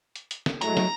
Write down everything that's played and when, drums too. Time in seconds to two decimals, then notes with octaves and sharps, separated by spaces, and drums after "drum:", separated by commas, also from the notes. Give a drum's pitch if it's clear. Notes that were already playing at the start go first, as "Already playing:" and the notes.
0.16 drum: hi-hat
0.31 drum: hi-hat
0.46 drum: snare
0.61 A2 F#3 G#3 A3 A#5, drum: hi-hat
0.77 drum: snare